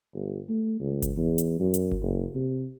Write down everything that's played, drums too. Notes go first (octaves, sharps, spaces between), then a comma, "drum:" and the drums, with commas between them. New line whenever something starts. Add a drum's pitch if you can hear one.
G1
A3
C#2
drum: kick G1, hi-hat
E2
drum: hi-hat
F#2
drum: hi-hat
drum: kick G1
F#1
C3